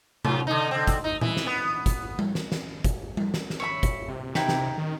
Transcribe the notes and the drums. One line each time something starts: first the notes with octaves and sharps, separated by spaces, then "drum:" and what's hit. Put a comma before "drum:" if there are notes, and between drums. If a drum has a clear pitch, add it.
A2 F#3 F4, drum: tom C3
D3 D#4
D3 C4
drum: kick, hi-hat
D#4
E3, drum: tom A#2
drum: snare
B3
drum: kick, hi-hat
drum: tom G3
drum: snare
drum: snare
drum: kick, hi-hat
drum: tom G3
drum: snare
drum: snare
C#5 E5 B5
drum: kick, hi-hat
C3
D#4 E4 G5, drum: snare
drum: snare
D#3